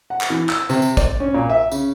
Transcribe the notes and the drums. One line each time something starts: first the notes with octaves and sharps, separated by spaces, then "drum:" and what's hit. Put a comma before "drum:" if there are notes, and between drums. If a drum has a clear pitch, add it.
F#5
drum: clap
E3
E6, drum: clap
C3, drum: tambourine
drum: tambourine
D5, drum: kick, tambourine
C#4
A#2
E5
C#3, drum: tambourine